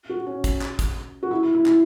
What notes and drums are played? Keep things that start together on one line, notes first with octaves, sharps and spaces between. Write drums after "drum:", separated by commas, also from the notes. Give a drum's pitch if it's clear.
F#4
C#4
drum: kick, hi-hat
drum: clap
drum: kick, hi-hat
F#4
E4
E4
E4
E4, drum: clap